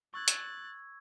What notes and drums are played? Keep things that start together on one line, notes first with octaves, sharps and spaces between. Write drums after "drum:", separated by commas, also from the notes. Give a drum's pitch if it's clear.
C#6 E6 F#6 G#6 A6
drum: hi-hat